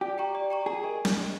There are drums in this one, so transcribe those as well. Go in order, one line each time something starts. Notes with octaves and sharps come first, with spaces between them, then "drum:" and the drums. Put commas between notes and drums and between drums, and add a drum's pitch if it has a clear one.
G4 D5
G5 A#5 C#6
D5
G5 A#5 C#6
G4 G#4
A#4 D#5 G#5 C#6
drum: snare